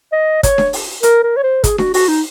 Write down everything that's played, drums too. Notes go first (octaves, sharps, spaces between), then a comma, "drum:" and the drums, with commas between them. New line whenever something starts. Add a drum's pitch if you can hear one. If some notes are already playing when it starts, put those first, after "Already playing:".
D#5
C#5, drum: kick, hi-hat
drum: snare D4
drum: open hi-hat
A#4, drum: hi-hat
A#4
C#5
C5
G#4, drum: kick, hi-hat
F#4, drum: snare D4
F#4, drum: open hi-hat
D#4